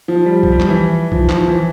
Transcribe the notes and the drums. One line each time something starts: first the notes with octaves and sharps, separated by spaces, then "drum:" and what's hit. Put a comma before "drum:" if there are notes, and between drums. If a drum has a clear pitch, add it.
F3
G3
F3, drum: kick
G3
F3, drum: clap
E3
F3, drum: kick
F3, drum: clap
F3
E3